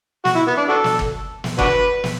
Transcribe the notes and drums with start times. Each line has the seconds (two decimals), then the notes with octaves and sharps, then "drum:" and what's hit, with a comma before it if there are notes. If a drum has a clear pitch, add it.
0.25 F#4, drum: snare
0.35 E4
0.47 B3
0.57 D4
0.69 D4 F#4 A4
0.84 drum: snare
0.99 drum: kick
1.44 drum: snare
1.59 D4 F#4 B4, drum: kick
2.04 drum: snare